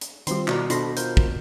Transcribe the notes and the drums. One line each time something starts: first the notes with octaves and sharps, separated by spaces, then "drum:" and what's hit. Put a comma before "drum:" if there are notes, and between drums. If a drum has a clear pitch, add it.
drum: hi-hat
D#3 G3 C4 F4 C6, drum: hi-hat
B2 E4 D5 A#5, drum: clap
B2 D4 A4 C5 B5 C6 A#6, drum: hi-hat
F4 A#4 C5 G6, drum: hi-hat
drum: kick